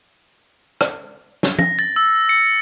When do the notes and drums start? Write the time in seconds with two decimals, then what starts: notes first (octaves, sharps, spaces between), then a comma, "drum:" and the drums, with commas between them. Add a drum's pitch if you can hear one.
0.81 drum: rim click
1.43 drum: snare
1.59 A#6, drum: tom
1.79 A6
1.96 E6
2.29 C#7